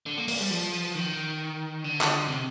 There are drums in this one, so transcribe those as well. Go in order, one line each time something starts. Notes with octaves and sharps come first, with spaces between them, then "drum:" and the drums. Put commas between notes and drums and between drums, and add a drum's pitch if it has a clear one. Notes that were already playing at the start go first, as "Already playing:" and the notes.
D3
A#3
A#3, drum: open hi-hat
G3
F3
D#3
D3
drum: clap
C3